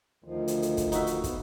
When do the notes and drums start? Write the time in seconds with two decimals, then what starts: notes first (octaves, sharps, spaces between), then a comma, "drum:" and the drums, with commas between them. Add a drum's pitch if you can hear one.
0.24 D2 D#3 F3
0.48 drum: hi-hat
0.62 drum: hi-hat
0.77 drum: kick, hi-hat
0.92 D#4 F#4 E5, drum: hi-hat
1.07 drum: hi-hat
1.24 B3, drum: kick, hi-hat